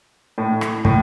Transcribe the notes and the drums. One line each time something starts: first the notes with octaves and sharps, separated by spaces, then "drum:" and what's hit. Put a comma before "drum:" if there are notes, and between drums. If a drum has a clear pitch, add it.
A2
drum: rim click
A2, drum: kick